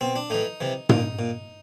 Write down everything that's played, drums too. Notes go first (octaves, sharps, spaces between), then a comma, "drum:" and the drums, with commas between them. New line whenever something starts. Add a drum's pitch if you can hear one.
B2 C4
D4
A2 E3 D#4
C3 E3
A#2 D#4, drum: tom
A#2